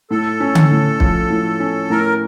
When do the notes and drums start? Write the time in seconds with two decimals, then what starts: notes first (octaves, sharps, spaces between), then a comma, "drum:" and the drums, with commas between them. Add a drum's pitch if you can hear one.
0.11 A2 A4
0.40 C#4
0.55 drum: tom D3
0.71 A2
1.00 F3, drum: kick
1.30 A2
1.60 C#4
1.90 A2 A#4